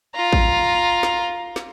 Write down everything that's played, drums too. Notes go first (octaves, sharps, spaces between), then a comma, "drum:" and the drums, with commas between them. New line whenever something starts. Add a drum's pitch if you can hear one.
F4 A#5
drum: kick
drum: snare
drum: snare